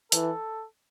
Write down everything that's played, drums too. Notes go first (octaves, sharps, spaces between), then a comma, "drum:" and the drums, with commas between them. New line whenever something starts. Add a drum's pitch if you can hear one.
E3 A4, drum: hi-hat